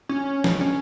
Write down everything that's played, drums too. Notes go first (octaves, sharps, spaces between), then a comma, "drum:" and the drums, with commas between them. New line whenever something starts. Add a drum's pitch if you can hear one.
C#4
drum: snare
C#4